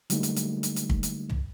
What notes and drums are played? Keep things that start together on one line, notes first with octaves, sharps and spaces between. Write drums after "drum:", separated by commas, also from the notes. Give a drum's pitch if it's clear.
D3 F#3 G3 A3 A#3 D#4, drum: hi-hat
drum: hi-hat
drum: hi-hat
drum: hi-hat
drum: hi-hat
drum: kick
drum: hi-hat
drum: tom